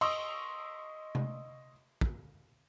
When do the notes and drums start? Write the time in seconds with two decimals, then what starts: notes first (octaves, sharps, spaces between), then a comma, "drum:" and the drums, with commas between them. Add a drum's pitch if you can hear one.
0.01 D#5 C6 C#6 D#6 E6, drum: cymbal
1.15 drum: tom C3
2.01 drum: kick